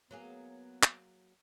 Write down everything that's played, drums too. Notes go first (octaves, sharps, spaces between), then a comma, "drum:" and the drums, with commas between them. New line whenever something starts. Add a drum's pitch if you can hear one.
F#3 A#3 B3 G#4
drum: clap